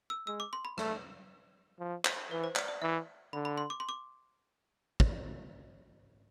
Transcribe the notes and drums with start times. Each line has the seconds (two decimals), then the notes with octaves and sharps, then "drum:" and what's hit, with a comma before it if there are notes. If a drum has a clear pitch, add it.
0.10 E6
0.27 G#3 E6
0.40 D6
0.53 C6
0.65 B5
0.78 A3, drum: rim click
1.79 F3
2.05 C5, drum: clap
2.31 E3 B4
2.44 C5
2.56 D5, drum: clap
2.68 D5
2.82 E3 E5
3.33 D3 B5
3.45 B5
3.58 C6
3.70 D6
3.80 C6
3.89 D6
5.00 drum: kick